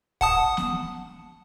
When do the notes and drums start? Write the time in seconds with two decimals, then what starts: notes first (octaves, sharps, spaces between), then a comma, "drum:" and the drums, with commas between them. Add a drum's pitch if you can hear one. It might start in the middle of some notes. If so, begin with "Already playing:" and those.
0.21 F#5 A5 D#6, drum: kick
0.57 drum: snare